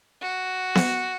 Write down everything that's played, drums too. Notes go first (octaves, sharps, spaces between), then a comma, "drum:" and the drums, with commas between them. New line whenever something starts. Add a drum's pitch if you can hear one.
F#4
drum: snare B3